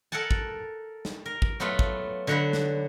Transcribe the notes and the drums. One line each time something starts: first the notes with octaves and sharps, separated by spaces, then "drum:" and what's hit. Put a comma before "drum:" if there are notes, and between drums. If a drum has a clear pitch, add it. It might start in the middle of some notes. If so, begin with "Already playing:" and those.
A4 A#4 F#5 G#5 A5
drum: kick
drum: snare
A#4
drum: kick
F#3 A3 B3 F4 A4 B4
drum: kick
D3 F#3 F#4 C#5 B5
drum: snare